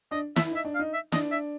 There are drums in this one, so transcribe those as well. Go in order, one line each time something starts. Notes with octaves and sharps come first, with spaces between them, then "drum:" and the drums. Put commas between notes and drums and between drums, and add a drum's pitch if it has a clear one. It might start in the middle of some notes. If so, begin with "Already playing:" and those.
D4 D#5
E4 E5, drum: snare
D#4 E5
D4
F5
D#4
E5
D4 D#5, drum: snare
E5